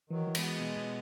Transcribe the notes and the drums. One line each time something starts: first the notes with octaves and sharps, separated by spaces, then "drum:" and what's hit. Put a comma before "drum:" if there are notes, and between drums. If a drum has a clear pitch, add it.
D#3 E3 F#3
E3
G#3 B3, drum: cymbal
F#4
B2
B2